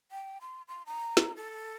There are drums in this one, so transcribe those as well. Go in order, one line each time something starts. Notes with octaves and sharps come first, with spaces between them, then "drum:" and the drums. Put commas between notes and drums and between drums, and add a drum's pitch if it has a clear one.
G5
C6
C6
A#5
drum: snare
A4